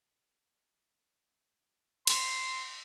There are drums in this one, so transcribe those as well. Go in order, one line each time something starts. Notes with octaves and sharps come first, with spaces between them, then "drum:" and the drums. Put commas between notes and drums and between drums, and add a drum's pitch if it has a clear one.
C6, drum: cymbal